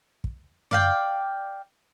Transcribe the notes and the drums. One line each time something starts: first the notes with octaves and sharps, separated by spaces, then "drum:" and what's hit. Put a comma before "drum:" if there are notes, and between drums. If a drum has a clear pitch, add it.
drum: kick
D5 F5 G5, drum: tom F#2